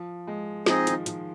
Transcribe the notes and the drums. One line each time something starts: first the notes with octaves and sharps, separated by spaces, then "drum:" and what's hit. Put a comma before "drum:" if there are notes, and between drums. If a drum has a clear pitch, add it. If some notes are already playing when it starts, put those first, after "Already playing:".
Already playing: F3
G#3
F3 C4 D#4 G#4 D#5, drum: snare
D#3, drum: hi-hat
F3, drum: hi-hat